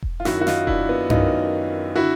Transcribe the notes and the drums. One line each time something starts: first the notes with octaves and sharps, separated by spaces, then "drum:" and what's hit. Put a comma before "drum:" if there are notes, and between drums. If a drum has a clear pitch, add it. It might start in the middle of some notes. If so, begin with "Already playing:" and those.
drum: kick E1
F4
F#2 D#3 E4 F#4, drum: snare
F#4
D#4 F4, drum: snare
D4 E4, drum: kick E1
B3
F#2 D#3 D#4 F4, drum: tom G2
D3 E4 F#4